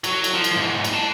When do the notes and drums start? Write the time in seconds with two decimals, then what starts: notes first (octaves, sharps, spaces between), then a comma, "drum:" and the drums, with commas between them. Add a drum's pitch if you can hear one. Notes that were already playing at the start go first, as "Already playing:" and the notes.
0.04 F#3, drum: cymbal
0.24 drum: cymbal
0.35 F3
0.44 drum: cymbal
0.58 E2 G#2
0.85 drum: cymbal
0.94 F#5 A5